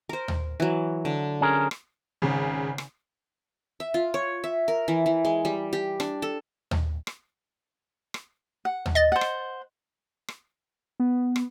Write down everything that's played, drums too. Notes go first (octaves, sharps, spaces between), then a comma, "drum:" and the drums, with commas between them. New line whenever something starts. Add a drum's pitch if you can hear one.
A#4 C5
drum: tom D#2
E3 F#3
D3
C#4 G#4 A#4
drum: rim click
G#1 C#3
drum: rim click
E5
F4
C#5
E5
A#4
E3
E3
G#3
G3
G4
D4, drum: rim click
A4
drum: tom D#2
drum: rim click
drum: rim click
F#5
drum: tom D#2
D#5 A6
C5 F#5
drum: rim click
drum: rim click
B3
drum: rim click